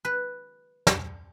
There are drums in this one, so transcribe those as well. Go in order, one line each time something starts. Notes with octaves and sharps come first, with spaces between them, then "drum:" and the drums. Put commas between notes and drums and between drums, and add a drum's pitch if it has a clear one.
B4
drum: snare